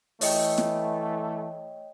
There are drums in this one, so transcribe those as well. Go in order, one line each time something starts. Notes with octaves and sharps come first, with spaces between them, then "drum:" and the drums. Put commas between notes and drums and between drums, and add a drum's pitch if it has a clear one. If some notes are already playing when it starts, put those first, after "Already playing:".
E3 A3 C#5 D#5 G5, drum: open hi-hat
drum: snare